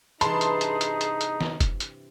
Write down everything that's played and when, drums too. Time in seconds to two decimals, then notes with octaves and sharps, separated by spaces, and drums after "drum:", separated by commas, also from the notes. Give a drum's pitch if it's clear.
0.21 G2 C3 E3 D#4 G#4 A5 B5 C6, drum: hi-hat
0.41 drum: hi-hat
0.61 drum: hi-hat
0.81 drum: hi-hat
1.01 drum: hi-hat
1.21 drum: hi-hat
1.41 drum: snare
1.60 drum: kick, hi-hat
1.80 drum: hi-hat